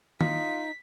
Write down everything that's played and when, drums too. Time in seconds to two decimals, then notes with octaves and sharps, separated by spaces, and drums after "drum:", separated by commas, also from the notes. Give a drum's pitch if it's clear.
0.21 D#4 F4 B6, drum: tom D#3